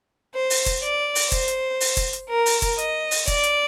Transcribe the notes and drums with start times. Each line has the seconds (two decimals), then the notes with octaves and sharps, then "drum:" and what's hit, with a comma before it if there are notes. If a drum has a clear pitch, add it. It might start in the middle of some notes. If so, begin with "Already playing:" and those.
0.34 C5
0.50 drum: open hi-hat
0.66 drum: kick, hi-hat
0.82 D5
1.15 drum: open hi-hat
1.32 C5, drum: kick, hi-hat
1.48 drum: hi-hat
1.80 drum: open hi-hat
1.97 drum: kick, hi-hat
2.13 drum: hi-hat
2.29 A#4
2.46 drum: open hi-hat
2.62 drum: kick, hi-hat
2.79 D#5, drum: hi-hat
3.11 drum: open hi-hat
3.28 D5, drum: kick, hi-hat
3.44 drum: hi-hat